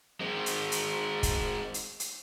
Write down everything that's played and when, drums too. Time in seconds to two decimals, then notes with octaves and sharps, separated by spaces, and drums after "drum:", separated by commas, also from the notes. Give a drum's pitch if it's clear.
0.20 G#3 C4
0.46 drum: hi-hat
0.72 drum: hi-hat
1.23 drum: kick, hi-hat
1.74 drum: hi-hat
2.00 drum: hi-hat